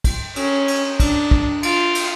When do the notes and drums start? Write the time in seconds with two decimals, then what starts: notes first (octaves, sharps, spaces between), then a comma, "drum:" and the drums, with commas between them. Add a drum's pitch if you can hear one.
0.04 drum: kick, cymbal
0.36 C#4, drum: cymbal
0.68 drum: cymbal
1.00 D4, drum: kick, cymbal
1.31 drum: kick
1.63 F4, drum: cymbal
1.95 drum: cymbal